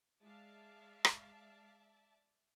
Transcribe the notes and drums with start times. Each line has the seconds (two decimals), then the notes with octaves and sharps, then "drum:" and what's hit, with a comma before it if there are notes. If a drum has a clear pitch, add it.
0.22 G#3 D5 E5 F5 A5
1.05 drum: rim click